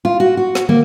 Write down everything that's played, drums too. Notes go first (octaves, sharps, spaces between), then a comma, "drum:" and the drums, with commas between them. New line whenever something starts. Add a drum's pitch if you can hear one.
F4
F#4
F#4
drum: snare
A#3, drum: tom